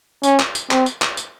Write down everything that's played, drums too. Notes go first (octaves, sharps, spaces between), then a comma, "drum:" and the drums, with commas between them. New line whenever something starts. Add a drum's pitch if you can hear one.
C#4, drum: tambourine
drum: clap
drum: tambourine
C4, drum: clap
drum: tambourine
drum: clap
drum: tambourine